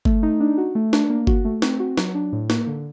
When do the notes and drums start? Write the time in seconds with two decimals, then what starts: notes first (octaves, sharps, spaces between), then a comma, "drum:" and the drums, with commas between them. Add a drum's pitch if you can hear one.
0.05 A3, drum: kick G1
0.23 D#4
0.40 D4
0.58 F#4
0.75 A3
0.93 D4, drum: snare
1.10 A#3
1.27 F#4, drum: kick G1
1.45 A3
1.62 C4, drum: snare
1.80 F#4
1.98 F#3, drum: snare
2.15 D4
2.33 A2
2.50 A#3, drum: snare
2.67 D3